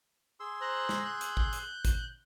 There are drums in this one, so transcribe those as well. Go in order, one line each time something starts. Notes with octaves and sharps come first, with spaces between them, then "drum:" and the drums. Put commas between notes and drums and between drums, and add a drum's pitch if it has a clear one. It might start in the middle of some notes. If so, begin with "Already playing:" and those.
G#4 C6 E6
C5 A#5 F#6
drum: snare
F#6 G6
drum: hi-hat
drum: kick
drum: hi-hat
drum: kick, hi-hat